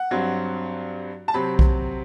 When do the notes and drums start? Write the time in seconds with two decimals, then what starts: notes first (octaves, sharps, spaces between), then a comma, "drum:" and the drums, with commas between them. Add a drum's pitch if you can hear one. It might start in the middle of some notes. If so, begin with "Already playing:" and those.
Already playing: F#5
0.11 G2 F#3 C4
1.28 A5
1.34 C3 F#3 C4 B5
1.59 drum: kick B1